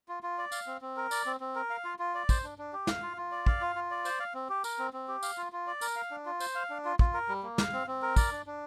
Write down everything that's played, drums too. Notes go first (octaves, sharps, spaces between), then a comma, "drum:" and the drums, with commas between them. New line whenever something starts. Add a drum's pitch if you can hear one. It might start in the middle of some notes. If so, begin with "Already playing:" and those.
F4
F4
D5
F5, drum: tambourine
C4
C4
A#4
D5, drum: tambourine
C4
C4
A#4
F5
F4
F4
D5
C5, drum: kick, tambourine
D4
D4
G4
F5, drum: snare
F4
F4
D5
F5, drum: kick
F4
F4
D5
C5, drum: tambourine
F5
C4
G4
A#4, drum: tambourine
C4
C4
G4
F5, drum: tambourine
F4
F4
D5
A#4, drum: tambourine
F5
D4
F4
C5, drum: tambourine
F5
D4
F4
F4, drum: kick
A#4
G3
A#3
F5, drum: snare
C4
C4
A#4
D5, drum: kick, tambourine
D4
D4